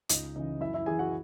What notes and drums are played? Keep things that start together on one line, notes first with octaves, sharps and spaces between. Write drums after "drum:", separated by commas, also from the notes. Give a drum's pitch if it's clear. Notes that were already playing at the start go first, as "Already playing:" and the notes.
C#2 D#4 D#5, drum: hi-hat
C#3 E3 D#4 D#5
F#2 E4 E5
E4 E5
E3 G#4 G#5
F#4 F#5